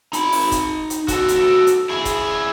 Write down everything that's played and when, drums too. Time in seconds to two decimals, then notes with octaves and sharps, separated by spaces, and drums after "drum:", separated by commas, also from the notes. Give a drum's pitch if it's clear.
0.13 D#4 B5, drum: hi-hat
0.32 drum: open hi-hat
0.52 drum: kick, hi-hat
0.90 drum: hi-hat
1.08 F#4 A4, drum: kick, hi-hat
1.28 drum: hi-hat
1.67 drum: hi-hat
1.90 E4 G#4
2.05 drum: kick, hi-hat